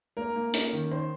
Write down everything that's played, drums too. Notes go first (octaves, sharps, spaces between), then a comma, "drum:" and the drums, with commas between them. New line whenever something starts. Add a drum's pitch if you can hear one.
A#3 A#4
A#3
C#4, drum: hi-hat
D#3
D#3 C5